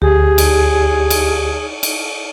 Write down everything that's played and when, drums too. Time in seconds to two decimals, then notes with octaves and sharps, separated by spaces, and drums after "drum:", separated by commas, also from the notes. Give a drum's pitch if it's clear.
0.02 D2 G4 G#4
0.38 drum: cymbal
1.10 drum: cymbal
1.83 drum: cymbal